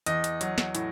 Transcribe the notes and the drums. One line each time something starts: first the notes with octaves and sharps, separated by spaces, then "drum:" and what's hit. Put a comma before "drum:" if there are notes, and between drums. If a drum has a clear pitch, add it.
E2 D#5, drum: hi-hat
drum: hi-hat
F#3, drum: hi-hat
drum: snare
A2, drum: hi-hat